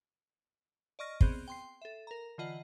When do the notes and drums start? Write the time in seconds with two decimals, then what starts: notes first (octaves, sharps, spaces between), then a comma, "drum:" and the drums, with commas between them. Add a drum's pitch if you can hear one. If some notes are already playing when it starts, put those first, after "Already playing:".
0.99 D5 D#5 C#6 F6 A#6
1.21 B3 C4 G#4 C5, drum: kick
1.48 G5 C6 C7
1.82 A4 E5
2.07 A#4 A#5
2.38 D3 E3 F4 D#5 F#5